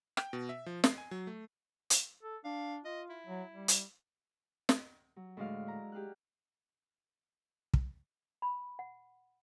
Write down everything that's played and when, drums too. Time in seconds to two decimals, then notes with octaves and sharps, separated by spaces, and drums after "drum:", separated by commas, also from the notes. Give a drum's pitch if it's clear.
0.17 G5, drum: rim click
0.33 B2
0.49 E5
0.66 F3
0.84 C7, drum: snare
0.98 G#5
1.11 F#3
1.27 A3
1.90 drum: hi-hat
2.23 A4
2.45 D4 F5
2.85 F4 D#5
3.09 E4
3.27 F#3
3.52 G3
3.68 drum: hi-hat
4.69 drum: snare
5.16 F#3
5.37 A2 D3 G#3 F#4 D5 F5
5.67 E4 A#5
5.92 G4 G#4 F6 F#6
7.74 drum: kick
8.42 B5
8.79 F#5